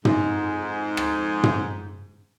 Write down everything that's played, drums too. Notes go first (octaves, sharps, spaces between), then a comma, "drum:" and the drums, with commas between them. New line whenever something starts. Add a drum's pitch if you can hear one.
F2 G#2, drum: tom
drum: rim click
drum: tom